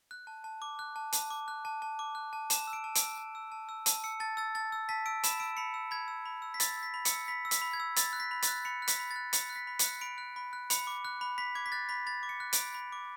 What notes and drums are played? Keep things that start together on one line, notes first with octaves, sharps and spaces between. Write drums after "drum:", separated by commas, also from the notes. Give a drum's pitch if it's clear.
F#6
A5
A5
D6
F#6
A5
A5, drum: hi-hat
D6
F#6
A5
A5
D6
F#6
A5
A5 E7, drum: hi-hat
E6
D7
A5
D7, drum: hi-hat
E6
A5
E6
A5
E6
A5, drum: hi-hat
E6 C#7
A5 A6
E6 A6
A5 A6
E6
A5 B6
E6 D7
B5 E7, drum: hi-hat
E6 D7
B5 C#7
E6
B5 G#6
E6
B5
E6
B6
B5 A6, drum: hi-hat
E6
B6
B5
C#7, drum: hi-hat
E6
B5 B6
E6
B6, drum: hi-hat
B5
G#6
E6
B5 A6, drum: hi-hat
F#6
B6
B5
A6, drum: hi-hat
F#6
B5 C#7
F#6
B6, drum: hi-hat
B5
A6
F#6
B5 C#7, drum: hi-hat
F#6
B6
B5
C#7, drum: hi-hat
F#6
B5 D7
F#6
B5
F#6
B5 C#7, drum: hi-hat
D6
F#6
B5
B5 B6
D6 G#6
B6
F#6 A6
B5 B6
B5 A6
D6
C#7
F#6
D7, drum: hi-hat
B5
B5
D6